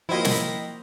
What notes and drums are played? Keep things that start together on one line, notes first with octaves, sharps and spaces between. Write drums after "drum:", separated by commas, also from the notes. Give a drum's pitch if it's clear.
F3 A#3 E4 F#4 C5 D#5 G5
drum: snare